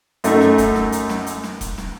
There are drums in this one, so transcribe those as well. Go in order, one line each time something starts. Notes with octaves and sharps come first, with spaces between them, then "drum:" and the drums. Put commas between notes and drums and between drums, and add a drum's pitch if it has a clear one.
F#2 A3 D#4, drum: hi-hat
drum: snare
drum: kick E1, hi-hat
drum: snare
drum: hi-hat
drum: snare
drum: hi-hat
drum: snare
drum: kick E1, hi-hat
drum: snare